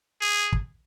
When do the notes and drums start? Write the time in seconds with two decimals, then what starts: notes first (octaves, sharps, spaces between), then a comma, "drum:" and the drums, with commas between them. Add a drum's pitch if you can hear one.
0.21 G#4
0.52 drum: kick